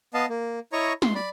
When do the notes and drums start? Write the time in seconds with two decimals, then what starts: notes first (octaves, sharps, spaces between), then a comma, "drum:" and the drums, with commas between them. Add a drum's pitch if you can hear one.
0.14 B3 D#5 F5 A5
0.30 A#3
0.73 E4 C#5 D#5 A#5 C#6
1.02 C6, drum: snare
1.15 D5 B5